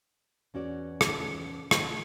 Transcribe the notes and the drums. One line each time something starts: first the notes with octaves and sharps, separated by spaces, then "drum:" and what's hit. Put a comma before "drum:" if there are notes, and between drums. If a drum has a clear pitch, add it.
E2 C#4 F#4 D5
drum: rim click
drum: rim click